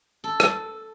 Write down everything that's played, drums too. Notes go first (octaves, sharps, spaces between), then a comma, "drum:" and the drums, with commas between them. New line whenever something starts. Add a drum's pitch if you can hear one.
A4
drum: rim click